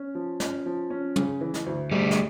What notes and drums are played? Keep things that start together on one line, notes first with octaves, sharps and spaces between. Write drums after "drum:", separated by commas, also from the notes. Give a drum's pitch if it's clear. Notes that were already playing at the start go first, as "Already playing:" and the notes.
Already playing: C#4
F3
C#4, drum: snare
F3
C#4
C#3, drum: tom
E3
drum: snare
D2
D2 G3 A3
drum: snare